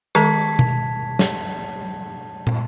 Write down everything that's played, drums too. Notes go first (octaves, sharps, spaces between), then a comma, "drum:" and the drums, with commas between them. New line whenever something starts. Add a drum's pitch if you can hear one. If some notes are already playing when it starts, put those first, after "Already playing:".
D#3 G#3 A4 A5 G#6 B6, drum: rim click
drum: tom B2
drum: snare
drum: tom